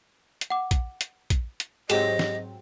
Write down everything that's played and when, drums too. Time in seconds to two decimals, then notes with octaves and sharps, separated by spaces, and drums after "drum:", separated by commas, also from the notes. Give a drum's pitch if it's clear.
0.41 drum: hi-hat
0.50 F#5 D6
0.71 drum: kick, hi-hat
1.01 drum: hi-hat
1.30 drum: kick, hi-hat
1.60 drum: hi-hat
1.90 G#2 F#3 C4 G4 G#4 D#5, drum: hi-hat
2.19 drum: snare